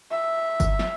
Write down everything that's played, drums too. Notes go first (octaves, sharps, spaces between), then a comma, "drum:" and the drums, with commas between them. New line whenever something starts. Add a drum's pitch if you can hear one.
E5
drum: kick G1, tambourine
drum: snare